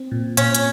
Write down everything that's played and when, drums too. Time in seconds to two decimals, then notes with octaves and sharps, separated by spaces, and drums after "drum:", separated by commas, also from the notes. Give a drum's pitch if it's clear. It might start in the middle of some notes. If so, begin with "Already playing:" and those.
Already playing: C4
0.12 A#2
0.37 A#2 C#4, drum: hi-hat
0.55 drum: hi-hat